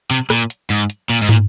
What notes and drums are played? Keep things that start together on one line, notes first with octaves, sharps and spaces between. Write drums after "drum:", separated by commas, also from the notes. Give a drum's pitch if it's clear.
C3
A#2, drum: rim click
drum: hi-hat
G#2
drum: hi-hat
A#2
G#2
A#2, drum: tom